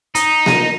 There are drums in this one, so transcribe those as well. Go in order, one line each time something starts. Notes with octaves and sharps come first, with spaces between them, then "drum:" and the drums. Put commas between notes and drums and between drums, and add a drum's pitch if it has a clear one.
D#4, drum: hi-hat
drum: snare A#3